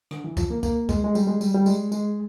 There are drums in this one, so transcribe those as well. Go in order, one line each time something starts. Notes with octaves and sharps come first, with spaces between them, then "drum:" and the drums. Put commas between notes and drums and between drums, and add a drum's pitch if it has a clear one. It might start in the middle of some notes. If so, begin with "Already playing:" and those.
D3, drum: rim click
E3
F3, drum: kick, tambourine
A#3
A#3, drum: kick, tambourine
G#3, drum: kick, tambourine
G#3
G3, drum: tambourine
G#3
G3, drum: tambourine
G3
G#3, drum: tambourine
G#3, drum: tambourine